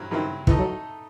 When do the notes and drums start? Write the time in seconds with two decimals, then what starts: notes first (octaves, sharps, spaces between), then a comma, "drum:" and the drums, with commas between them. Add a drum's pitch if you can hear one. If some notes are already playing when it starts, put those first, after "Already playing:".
Already playing: G2 F#3 C4 E4
0.11 G2 D#3 F#3 C4 E4
0.47 E3 A3 D#4 A4 D#5, drum: kick
0.58 F#3